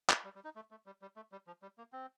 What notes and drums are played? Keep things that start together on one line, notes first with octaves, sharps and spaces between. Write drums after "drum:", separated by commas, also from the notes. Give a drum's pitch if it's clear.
A3, drum: clap
G3
G3
D#4
A3
A3
G3
G3
A3
G3
F3
G3
A#3
C4